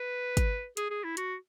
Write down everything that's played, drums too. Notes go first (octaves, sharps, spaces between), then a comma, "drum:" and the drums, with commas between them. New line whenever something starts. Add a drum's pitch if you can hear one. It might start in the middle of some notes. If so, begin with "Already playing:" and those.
Already playing: B4
drum: kick, hi-hat
G#4, drum: hi-hat
G#4
E4
F#4, drum: hi-hat